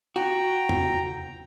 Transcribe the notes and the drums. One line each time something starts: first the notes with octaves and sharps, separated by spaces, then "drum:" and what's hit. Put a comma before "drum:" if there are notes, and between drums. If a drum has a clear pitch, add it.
F#4 G5 A#5
drum: tom E2